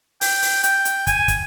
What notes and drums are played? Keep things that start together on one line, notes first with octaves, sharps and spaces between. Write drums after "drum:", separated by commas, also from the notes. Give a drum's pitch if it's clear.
G5, drum: open hi-hat
drum: open hi-hat
G5, drum: hi-hat
drum: hi-hat
G#5, drum: kick, hi-hat
drum: kick, hi-hat